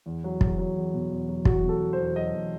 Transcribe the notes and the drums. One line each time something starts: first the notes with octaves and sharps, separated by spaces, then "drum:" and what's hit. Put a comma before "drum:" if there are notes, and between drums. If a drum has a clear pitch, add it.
E2
F#3
E2, drum: kick
F#3
E2
B2
E2
F#3
E2 F#4, drum: kick
B2
A4
E2
C5
E2
F#3 D#5
E2